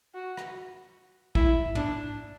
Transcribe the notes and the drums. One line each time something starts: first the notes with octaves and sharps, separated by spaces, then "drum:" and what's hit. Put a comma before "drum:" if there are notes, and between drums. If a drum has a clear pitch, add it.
F#4
drum: rim click
E4, drum: kick
D4, drum: tom